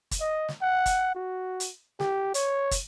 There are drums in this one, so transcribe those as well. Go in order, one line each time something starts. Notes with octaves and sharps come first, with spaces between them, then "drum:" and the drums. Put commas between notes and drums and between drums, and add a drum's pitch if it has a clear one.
drum: kick, hi-hat
D#5
drum: snare
F#5
drum: kick, hi-hat
F#4
drum: hi-hat
G4, drum: snare
C#5, drum: hi-hat
drum: kick, hi-hat